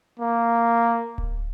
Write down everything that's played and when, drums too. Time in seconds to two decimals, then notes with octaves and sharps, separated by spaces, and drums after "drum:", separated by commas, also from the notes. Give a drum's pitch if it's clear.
0.20 A#3
1.18 drum: kick D1